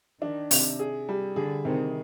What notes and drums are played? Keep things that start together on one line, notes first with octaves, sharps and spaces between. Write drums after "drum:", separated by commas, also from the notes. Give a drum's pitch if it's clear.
D#3 D4
C3, drum: open hi-hat
G#4
G3
D3 G#4
C3 D#3